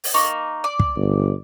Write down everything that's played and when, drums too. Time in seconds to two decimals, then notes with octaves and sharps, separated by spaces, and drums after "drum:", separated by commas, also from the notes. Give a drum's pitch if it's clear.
0.04 drum: open hi-hat
0.14 A#3 D#4 C#6
0.64 D5
0.79 drum: kick
0.96 G1